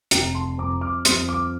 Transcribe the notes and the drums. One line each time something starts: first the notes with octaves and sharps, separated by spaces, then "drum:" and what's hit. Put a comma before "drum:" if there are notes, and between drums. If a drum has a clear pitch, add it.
F1 G5 A#5, drum: hi-hat
A5 C6
F2 A#5 D6
D6 F6
F2 C6 D#6, drum: hi-hat
D6 F6